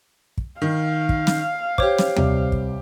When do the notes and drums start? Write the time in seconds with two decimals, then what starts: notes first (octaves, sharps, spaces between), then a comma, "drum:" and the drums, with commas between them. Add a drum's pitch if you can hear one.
0.38 drum: kick
0.62 D#3 F5
1.09 drum: kick
1.27 drum: snare
1.78 G4 C5 C#5 D6, drum: kick
1.99 drum: snare
2.16 C2 C3 D5, drum: tom
2.52 drum: kick